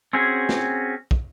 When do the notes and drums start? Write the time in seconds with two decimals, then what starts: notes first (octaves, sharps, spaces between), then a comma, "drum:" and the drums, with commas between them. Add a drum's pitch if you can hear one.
0.13 C4 C#4 F#4 G#4
0.49 drum: snare
1.11 drum: kick